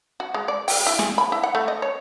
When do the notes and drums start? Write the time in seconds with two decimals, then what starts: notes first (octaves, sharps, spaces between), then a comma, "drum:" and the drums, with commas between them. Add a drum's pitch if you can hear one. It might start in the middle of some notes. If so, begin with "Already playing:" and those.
0.20 F#4
0.34 G#3
0.48 D5
0.68 G5, drum: open hi-hat
0.87 E4
0.99 G#4, drum: snare
1.18 B5
1.32 E4
1.43 F#5
1.55 A3
1.68 D#5
1.82 C#5